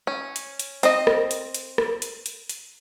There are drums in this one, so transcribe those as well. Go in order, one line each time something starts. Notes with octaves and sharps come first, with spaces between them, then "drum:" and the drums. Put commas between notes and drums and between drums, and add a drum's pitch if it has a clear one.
C#4
drum: hi-hat
drum: hi-hat
C4 D#5, drum: hi-hat
drum: rim click
drum: hi-hat
drum: hi-hat
drum: rim click
drum: hi-hat
drum: hi-hat
drum: hi-hat